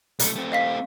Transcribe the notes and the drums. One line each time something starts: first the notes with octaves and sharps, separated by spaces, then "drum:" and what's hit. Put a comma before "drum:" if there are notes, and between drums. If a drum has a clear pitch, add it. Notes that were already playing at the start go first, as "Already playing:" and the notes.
B1 A3, drum: hi-hat
A3 C4
D#5 F5 B6